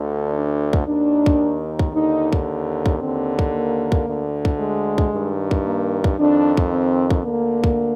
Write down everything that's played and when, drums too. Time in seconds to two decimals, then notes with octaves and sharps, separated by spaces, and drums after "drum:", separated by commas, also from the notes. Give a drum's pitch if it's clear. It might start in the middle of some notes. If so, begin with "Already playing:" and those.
Already playing: D2 D3
0.33 D4
0.73 drum: kick
0.86 D#2 D#3 D4
1.26 drum: kick
1.79 drum: kick
1.93 D#2 D3 D#4
2.33 drum: kick
2.86 drum: kick
2.99 D#2 D3 C4
3.39 drum: kick
3.52 A#3
3.92 drum: kick
4.05 D2 D3
4.45 drum: kick
4.59 G#3
4.98 drum: kick
5.11 G2 D#3
5.51 drum: kick
5.64 A#3
6.04 drum: kick
6.18 F2 D#3 D4
6.57 drum: kick
6.71 C4
7.11 drum: kick
7.23 D2 D3 A#3
7.64 drum: kick